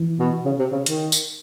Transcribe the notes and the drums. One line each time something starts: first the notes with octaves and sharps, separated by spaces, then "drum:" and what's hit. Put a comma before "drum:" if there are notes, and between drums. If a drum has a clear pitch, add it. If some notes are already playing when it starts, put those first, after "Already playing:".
Already playing: E3
B2
C#3
C3
C#3
D#3, drum: hi-hat
drum: tambourine